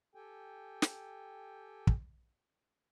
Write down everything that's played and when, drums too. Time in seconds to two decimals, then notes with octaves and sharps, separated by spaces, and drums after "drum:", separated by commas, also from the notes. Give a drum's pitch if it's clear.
0.15 G4 A4 G5 G#5
0.82 drum: snare
1.87 drum: kick